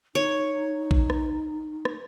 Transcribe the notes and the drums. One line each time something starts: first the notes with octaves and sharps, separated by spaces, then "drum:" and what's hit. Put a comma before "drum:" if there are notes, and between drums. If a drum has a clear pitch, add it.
D#4 C#5
drum: kick A#1
drum: rim click
drum: rim click